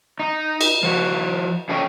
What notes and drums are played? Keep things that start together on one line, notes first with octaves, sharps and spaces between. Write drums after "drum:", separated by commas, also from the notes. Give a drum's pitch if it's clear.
D#4
drum: cymbal
F3 F#4
F3 C#4 A4 C#5 D#5 G5